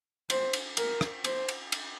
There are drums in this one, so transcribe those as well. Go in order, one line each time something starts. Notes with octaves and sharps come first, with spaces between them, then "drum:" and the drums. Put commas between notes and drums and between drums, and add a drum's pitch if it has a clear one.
C5, drum: cymbal
drum: cymbal
A#4, drum: cymbal
drum: rim click
C5, drum: cymbal
drum: cymbal
drum: cymbal